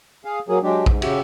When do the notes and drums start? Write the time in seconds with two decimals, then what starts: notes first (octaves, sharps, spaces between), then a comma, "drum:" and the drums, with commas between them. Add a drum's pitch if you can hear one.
0.25 G#4 F5
0.49 F#3 A#3 G#4
0.63 F#3 G#3 D4 G4
0.86 G#2, drum: kick
1.02 C#3 F#4 G4 E5, drum: cymbal